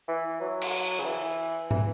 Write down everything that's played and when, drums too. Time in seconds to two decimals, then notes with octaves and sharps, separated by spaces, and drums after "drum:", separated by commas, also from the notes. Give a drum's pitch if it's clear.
0.08 E3
0.41 F#3
0.61 drum: cymbal
0.99 C#3
1.05 E3
1.71 E3, drum: tom